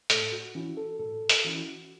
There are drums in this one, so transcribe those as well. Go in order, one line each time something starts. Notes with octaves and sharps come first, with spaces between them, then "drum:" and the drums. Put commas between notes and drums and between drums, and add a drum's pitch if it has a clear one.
A2 A4, drum: hi-hat
F#4
E3 C#4 E4 F#4
A4
A2 A4
drum: hi-hat
E3 C#4 E4 F#4